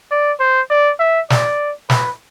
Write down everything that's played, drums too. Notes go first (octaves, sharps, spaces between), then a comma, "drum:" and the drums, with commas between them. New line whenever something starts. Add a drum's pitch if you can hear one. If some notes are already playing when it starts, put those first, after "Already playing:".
D5
C5
D5
E5
D5, drum: snare
B4, drum: snare